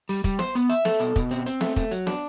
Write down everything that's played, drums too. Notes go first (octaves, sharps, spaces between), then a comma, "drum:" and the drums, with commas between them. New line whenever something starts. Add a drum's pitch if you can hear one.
G3, drum: open hi-hat
G3, drum: kick, hi-hat
C5, drum: snare
B3, drum: hi-hat
E5, drum: hi-hat
A4, drum: snare
B2, drum: hi-hat
B2, drum: kick, hi-hat
C4, drum: hi-hat
C4, drum: hi-hat
A3, drum: snare
A3, drum: kick, hi-hat
F#3, drum: hi-hat
D4, drum: snare